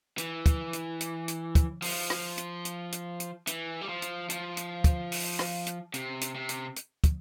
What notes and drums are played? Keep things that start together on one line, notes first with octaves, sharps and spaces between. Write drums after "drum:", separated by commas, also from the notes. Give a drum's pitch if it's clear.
E3, drum: hi-hat
drum: kick, hi-hat
drum: hi-hat
drum: hi-hat
drum: hi-hat
drum: kick, hi-hat
F3, drum: open hi-hat
drum: rim click
drum: hi-hat
drum: hi-hat
drum: hi-hat
drum: hi-hat
E3, drum: hi-hat
G3
F3
drum: hi-hat
F3, drum: hi-hat
drum: hi-hat
drum: kick, hi-hat
drum: open hi-hat
drum: rim click
drum: hi-hat
C3, drum: hi-hat
drum: hi-hat
C3
drum: hi-hat
drum: hi-hat
drum: kick, hi-hat